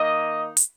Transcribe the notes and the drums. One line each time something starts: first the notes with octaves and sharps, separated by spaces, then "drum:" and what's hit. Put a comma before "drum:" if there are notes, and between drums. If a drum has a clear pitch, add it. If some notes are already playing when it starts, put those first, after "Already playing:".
Already playing: D#3 A#3 D#4 D#5
drum: hi-hat